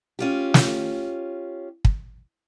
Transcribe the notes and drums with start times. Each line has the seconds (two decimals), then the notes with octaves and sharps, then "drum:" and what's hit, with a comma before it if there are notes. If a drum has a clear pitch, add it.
0.19 C#4 F4 G4
0.54 drum: snare
1.85 drum: kick